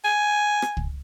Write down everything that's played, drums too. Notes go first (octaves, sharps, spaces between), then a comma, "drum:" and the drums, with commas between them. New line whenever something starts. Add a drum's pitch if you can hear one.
G#5
drum: rim click
drum: kick